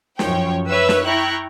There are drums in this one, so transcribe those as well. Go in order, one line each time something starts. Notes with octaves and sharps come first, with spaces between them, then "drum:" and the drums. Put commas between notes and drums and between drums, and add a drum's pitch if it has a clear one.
F#2 F3 C#5 G5, drum: snare
B4 C#5 E5 E6
drum: snare
E4 G5 A#5 C#6 F#6